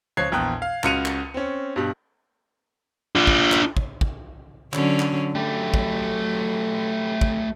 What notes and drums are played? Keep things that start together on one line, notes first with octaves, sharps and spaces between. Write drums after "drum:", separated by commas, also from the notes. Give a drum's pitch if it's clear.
C#2 F3 C#5 F#6 G#6 C7
A#1 E2 G5 A#5 D#6 F#6
F5
C#2 C#3 F#4 C#7 D#7 F7, drum: clap
drum: clap
C4 C#4
G2 B2 G3
D4 F4
drum: kick
drum: clap
drum: kick
drum: kick
D3 F#3 C#4, drum: clap
drum: clap
F#3 A3 G4
drum: kick
drum: kick